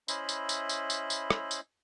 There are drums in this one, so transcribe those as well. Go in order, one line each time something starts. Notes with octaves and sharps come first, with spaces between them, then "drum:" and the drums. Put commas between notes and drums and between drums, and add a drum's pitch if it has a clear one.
C#4 E4 C5 D#5 E5 B5, drum: tambourine
drum: tambourine
drum: tambourine
drum: tambourine
drum: tambourine
drum: tambourine
drum: rim click
drum: tambourine